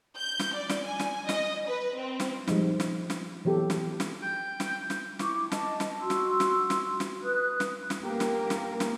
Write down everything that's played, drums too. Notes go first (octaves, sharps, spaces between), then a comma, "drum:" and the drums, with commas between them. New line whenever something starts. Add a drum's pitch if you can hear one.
G6
drum: snare
D5
drum: snare
G#5
drum: snare
D#5, drum: snare
B4
C4
drum: snare
F3 G3 G#3 D#4, drum: snare
drum: snare
drum: snare
E3 F#3 B3 G4 A4
drum: snare
drum: snare
G5
drum: snare
drum: snare
E4 C#6 D6, drum: snare
D#5 A5, drum: snare
drum: snare
F#4 C6 E6
drum: snare
drum: snare
drum: snare
drum: snare
B4 D#6 F#6
drum: snare
drum: snare
A#3 G4 A#4
drum: snare
drum: snare
drum: snare